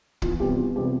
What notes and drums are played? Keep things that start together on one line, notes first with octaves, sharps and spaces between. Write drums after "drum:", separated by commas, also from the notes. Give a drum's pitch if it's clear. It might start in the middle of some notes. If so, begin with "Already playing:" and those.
E2 F4, drum: kick
C3 G3 B3 G4
E2 F4
C3 G3 B3 G4